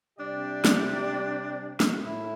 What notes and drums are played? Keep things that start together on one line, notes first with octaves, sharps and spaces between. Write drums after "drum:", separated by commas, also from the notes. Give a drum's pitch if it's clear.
C3 G3 D4 G4 D5
drum: snare
drum: snare
A2 A3 E4